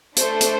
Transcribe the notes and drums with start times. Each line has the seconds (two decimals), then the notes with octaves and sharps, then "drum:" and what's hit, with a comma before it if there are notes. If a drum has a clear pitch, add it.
0.16 A3 D4 A4 C5, drum: hi-hat
0.41 drum: hi-hat